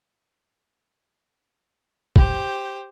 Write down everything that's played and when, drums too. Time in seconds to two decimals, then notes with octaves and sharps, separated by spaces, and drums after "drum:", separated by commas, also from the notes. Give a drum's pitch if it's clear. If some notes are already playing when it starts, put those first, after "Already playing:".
2.16 G4 C5, drum: kick